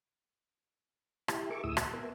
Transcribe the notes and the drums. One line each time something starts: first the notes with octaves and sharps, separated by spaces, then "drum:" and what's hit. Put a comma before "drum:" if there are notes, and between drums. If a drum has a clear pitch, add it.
E4 G4, drum: rim click
G#4 A#4 E5 C#6 D6
D2 A2 E4 D#6 E6
F#4 E5 F#5, drum: rim click
B3 A#4 E5